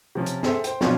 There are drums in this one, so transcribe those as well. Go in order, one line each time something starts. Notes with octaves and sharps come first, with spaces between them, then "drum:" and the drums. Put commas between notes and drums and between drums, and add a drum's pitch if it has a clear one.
C3 F3 C#4
drum: hi-hat
G#4 A4 C5 E5, drum: snare
C5 G5, drum: hi-hat
B2 F3 F#3 C#4 D4 F4, drum: snare